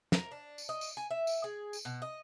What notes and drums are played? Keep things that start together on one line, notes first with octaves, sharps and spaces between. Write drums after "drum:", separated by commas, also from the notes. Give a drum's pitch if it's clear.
A#4, drum: snare
D4
drum: tambourine
D#5
drum: tambourine
G#5
E5
drum: tambourine
G#4
drum: tambourine
B2
D#5